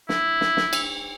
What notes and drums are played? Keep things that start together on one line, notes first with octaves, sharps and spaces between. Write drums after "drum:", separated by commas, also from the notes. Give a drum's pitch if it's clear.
E4, drum: snare
drum: snare
drum: snare
drum: cymbal